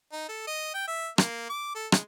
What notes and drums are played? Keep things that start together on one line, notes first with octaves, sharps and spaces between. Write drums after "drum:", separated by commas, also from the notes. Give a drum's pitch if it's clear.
D#4
A4
D#5
G5
E5
A#3, drum: rim click
D6
A4
G#3, drum: rim click